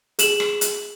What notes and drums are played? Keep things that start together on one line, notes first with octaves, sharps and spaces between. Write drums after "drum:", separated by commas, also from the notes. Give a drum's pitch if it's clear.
G#4 E7 F#7, drum: hi-hat
drum: rim click
drum: hi-hat